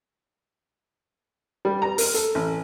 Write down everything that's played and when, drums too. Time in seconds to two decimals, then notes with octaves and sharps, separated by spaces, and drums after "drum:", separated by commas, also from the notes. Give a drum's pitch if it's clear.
1.65 G3
1.82 A#5
1.98 A#4, drum: open hi-hat
2.14 A4, drum: hi-hat
2.35 A1